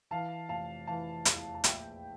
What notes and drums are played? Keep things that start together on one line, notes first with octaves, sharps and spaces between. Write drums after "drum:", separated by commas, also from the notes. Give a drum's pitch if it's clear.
E3 F5 A5
F1 F5 A5
E3 F5 A5
E2, drum: hi-hat
A5
A#1 E5 G5, drum: hi-hat